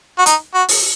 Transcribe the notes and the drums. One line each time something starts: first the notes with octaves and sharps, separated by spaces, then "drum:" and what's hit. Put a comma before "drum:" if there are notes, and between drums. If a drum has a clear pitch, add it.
F#4
D#4, drum: hi-hat
F#4
drum: open hi-hat